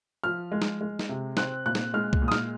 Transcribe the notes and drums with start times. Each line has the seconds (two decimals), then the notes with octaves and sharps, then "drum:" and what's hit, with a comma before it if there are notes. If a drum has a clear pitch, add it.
0.24 F3 F6
0.52 G#3
0.62 drum: snare
0.81 G#3
0.99 drum: snare
1.09 C3
1.37 C4 F#6, drum: snare
1.66 A#2 F#6
1.75 drum: snare
1.94 G#3 F6
2.13 drum: kick C2
2.22 A#2
2.28 D#6
2.32 F6, drum: snare